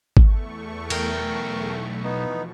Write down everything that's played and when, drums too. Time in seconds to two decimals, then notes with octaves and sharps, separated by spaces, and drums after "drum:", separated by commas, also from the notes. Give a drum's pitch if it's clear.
0.17 E2 A3 C#6, drum: kick G#1
0.90 B1 A#4 G5, drum: cymbal
2.04 B2 E3 F3 B3 D#4